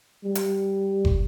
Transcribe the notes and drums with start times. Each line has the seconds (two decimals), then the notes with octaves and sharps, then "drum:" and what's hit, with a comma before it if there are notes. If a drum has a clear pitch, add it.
0.25 G3
0.35 drum: hi-hat
1.05 drum: kick